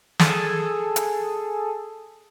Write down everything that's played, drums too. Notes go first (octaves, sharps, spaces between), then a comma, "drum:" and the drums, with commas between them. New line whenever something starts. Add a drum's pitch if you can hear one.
G#4 A4, drum: snare
drum: hi-hat